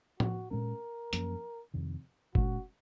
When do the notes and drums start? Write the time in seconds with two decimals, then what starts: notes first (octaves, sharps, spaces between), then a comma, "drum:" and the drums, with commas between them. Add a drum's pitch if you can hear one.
0.20 F#4, drum: tom A2
0.51 A#2 G#3 C#4 A#4
1.13 F#2 F3 A#3 C#4, drum: hi-hat
1.74 F2 C3 D#3
2.35 A#2 G#3 C#4 F#4, drum: kick